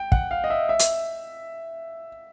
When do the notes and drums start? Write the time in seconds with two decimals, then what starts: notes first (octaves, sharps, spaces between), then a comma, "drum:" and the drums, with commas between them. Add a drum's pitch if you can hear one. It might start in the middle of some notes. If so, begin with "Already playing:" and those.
Already playing: G5
0.12 F#5, drum: kick
0.31 F5
0.44 D#5
0.50 E5
0.69 E5
0.79 drum: hi-hat